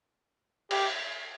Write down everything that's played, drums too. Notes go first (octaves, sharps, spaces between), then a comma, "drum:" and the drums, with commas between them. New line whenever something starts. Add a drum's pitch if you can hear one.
G4, drum: cymbal